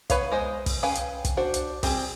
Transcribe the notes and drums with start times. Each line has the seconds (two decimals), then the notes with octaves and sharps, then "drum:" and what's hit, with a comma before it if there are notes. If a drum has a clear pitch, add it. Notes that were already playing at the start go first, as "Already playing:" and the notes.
0.10 B3 B4 C#5 F5, drum: kick, hi-hat
0.32 G#3 C5 D#5
0.66 drum: kick, open hi-hat
0.83 C#4 G#4 B4 F5 G5
0.95 drum: hi-hat
1.25 drum: kick, hi-hat
1.37 D4 F#4 C5
1.54 drum: hi-hat
1.83 G3 C4 G#4, drum: kick, open hi-hat